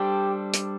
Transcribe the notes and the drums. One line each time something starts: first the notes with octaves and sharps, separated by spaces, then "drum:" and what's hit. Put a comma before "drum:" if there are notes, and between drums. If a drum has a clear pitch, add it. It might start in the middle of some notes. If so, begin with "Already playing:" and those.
Already playing: G3 D4 G4 A4 C5
drum: hi-hat